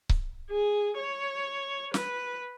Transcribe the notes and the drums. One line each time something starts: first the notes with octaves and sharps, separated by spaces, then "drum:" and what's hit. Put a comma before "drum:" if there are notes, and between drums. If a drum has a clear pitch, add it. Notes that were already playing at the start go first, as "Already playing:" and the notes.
drum: kick C#1
G#4
C#5
B4, drum: snare